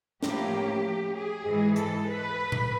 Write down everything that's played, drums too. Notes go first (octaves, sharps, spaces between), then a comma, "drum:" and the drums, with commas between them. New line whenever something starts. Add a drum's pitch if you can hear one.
A2 F3 A#3 C#4 G4, drum: snare
G#4
G#2 E3 G#3
A4, drum: hi-hat
B4
drum: tom A2